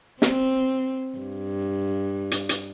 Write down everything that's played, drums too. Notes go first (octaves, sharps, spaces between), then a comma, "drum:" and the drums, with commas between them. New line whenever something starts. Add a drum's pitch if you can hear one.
C4, drum: snare
G2
drum: hi-hat
drum: hi-hat